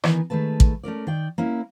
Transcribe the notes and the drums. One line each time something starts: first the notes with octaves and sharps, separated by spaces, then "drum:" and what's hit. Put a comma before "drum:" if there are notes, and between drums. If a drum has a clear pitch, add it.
D#3 E3 B3 A#4 G#5, drum: rim click
D#3 G#3 A3 B4 A5
drum: kick
A3 C#4 A#4 D5
D#3 D5 G5
A#3 C#4 E4